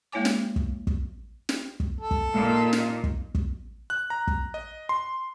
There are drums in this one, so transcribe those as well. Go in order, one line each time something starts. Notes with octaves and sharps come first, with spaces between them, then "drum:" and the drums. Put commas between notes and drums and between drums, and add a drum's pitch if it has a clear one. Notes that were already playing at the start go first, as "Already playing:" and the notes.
G#3 A#3 E4 C#5 G#5 D6
drum: snare
drum: kick
drum: kick
drum: snare
drum: kick
A4
drum: kick
A#2 D#4
drum: snare
drum: kick
drum: kick
F#6
A#5
drum: kick
D#5
C6